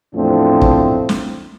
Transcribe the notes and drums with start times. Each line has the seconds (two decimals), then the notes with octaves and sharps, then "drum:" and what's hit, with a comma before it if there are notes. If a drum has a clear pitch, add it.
0.14 E2 A2 F3 A3 C4 D4
0.61 drum: kick
1.09 drum: snare